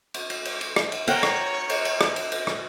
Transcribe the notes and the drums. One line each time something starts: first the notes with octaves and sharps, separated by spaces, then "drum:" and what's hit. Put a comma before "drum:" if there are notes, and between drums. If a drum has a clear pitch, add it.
drum: cymbal
drum: cymbal
drum: cymbal
drum: cymbal
drum: rim click
drum: cymbal
A#4 C#5 F#5 G5, drum: cymbal
drum: rim click
drum: cymbal
drum: cymbal
drum: rim click
drum: cymbal
drum: cymbal
drum: rim click